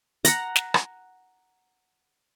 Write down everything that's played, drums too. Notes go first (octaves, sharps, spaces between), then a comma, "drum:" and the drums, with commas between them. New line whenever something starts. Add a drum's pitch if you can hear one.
F#5 A#5, drum: hi-hat
drum: snare
drum: rim click